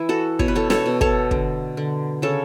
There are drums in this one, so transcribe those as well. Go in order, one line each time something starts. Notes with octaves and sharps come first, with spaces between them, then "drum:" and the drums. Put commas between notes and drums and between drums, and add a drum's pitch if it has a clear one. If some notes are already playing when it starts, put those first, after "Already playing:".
Already playing: E3 E4
F#4 A4
B2 C#5, drum: kick
B4
A4 C#5
A4 C#5, drum: snare
B2
A4 C#5, drum: kick
D3, drum: kick
D3
C#3 A4 C#5